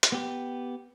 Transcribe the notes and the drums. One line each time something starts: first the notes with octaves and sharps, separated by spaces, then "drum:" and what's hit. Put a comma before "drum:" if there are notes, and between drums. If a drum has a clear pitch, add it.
drum: hi-hat
B3 G4